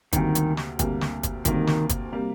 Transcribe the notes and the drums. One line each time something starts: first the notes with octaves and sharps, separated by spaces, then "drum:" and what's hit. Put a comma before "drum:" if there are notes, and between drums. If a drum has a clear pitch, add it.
D2 C3 D#3 G3 A#3, drum: kick, hi-hat
drum: hi-hat
drum: snare
D2 C3 G3 A#3, drum: kick, hi-hat
drum: snare
drum: kick, hi-hat
D2 C3 D#3 G3 A#3, drum: kick, hi-hat
drum: snare
drum: kick, hi-hat
C3 G3 A#3